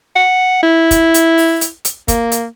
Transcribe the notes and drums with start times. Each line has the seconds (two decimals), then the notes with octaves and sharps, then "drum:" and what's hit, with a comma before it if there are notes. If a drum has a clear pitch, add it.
0.16 F#5
0.63 E4
0.91 drum: kick, hi-hat
1.14 drum: hi-hat
1.38 drum: open hi-hat
1.61 drum: hi-hat
1.85 drum: hi-hat
2.08 A#3, drum: kick, hi-hat
2.32 drum: hi-hat